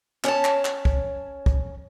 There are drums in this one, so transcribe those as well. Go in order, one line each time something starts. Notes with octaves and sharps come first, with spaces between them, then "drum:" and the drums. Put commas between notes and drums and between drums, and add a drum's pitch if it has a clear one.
C#4 C#5 A5, drum: clap
drum: clap
drum: clap
drum: kick
drum: kick